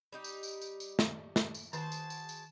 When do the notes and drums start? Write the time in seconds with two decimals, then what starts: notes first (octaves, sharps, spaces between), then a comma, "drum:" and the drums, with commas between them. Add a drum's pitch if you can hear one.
0.13 G3 D#4 G4
0.24 drum: tambourine
0.43 drum: tambourine
0.62 drum: tambourine
0.80 drum: tambourine
0.99 drum: snare
1.36 drum: snare
1.54 drum: tambourine
1.73 D#3 F#4 G#4 C5 A5, drum: tambourine
1.92 drum: tambourine
2.10 drum: tambourine
2.29 drum: tambourine